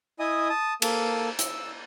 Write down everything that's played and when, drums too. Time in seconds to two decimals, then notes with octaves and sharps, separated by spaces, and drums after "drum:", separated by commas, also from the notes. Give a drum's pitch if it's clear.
0.19 E4 D#5 G#5 D#6
0.49 A5 D#6
0.82 A#3 A4, drum: cymbal
1.39 E6, drum: hi-hat